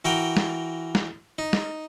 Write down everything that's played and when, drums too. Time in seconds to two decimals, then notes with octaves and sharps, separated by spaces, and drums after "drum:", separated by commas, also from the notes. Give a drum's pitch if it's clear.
0.05 E3 F#4 A#4 G5
0.37 drum: snare
0.95 drum: snare
1.38 D#4
1.53 drum: snare